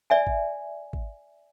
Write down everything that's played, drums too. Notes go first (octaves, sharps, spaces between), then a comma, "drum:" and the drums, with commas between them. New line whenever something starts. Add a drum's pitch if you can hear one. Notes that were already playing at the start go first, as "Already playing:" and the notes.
D5 E5 G#5
drum: kick G#1
drum: kick G#1